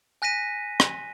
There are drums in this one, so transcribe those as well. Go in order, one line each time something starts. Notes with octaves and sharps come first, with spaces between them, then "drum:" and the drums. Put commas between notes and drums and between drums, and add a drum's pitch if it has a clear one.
G#5 F#6 A#6 B6 D#7
drum: rim click